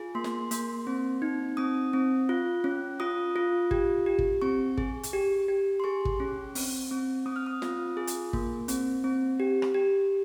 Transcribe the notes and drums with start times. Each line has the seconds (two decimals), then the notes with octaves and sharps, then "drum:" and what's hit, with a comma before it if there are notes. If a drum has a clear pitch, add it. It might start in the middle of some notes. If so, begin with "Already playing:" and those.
Already playing: F4 G#4
0.15 A#3 C6
0.24 drum: snare
0.51 A#3, drum: hi-hat
0.87 C4
1.22 D#4
1.57 C4 D#6
1.93 C4
2.29 F4
2.64 C#4
3.00 F4 D#6
3.36 F4
3.71 G4, drum: kick
4.06 G4
4.19 drum: kick
4.42 C4 C#6
4.78 G#4, drum: kick
5.03 drum: hi-hat
5.13 G4
5.48 G4
5.80 C6
5.84 G#4 C#6
6.05 drum: kick
6.20 C#4
6.55 C4, drum: open hi-hat
6.91 C4
7.26 C4 D#6
7.36 F6
7.46 D#6
7.62 F4, drum: snare
7.97 G#4
8.07 drum: hi-hat
8.33 A#3, drum: kick
8.68 C4, drum: hi-hat
9.04 C4
9.40 G4
9.62 drum: rim click
9.74 G4